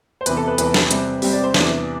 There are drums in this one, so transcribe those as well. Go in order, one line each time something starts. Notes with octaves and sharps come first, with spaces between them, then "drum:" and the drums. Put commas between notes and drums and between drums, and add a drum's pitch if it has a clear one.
C5
E2 C3 E3 B4, drum: hi-hat
A4
B4
E2 C3 E3 B4, drum: hi-hat
drum: snare
C3 G3 C4, drum: hi-hat
C3 G3 C4 G4, drum: open hi-hat
D5
C5
E2 C3 E3 D4, drum: snare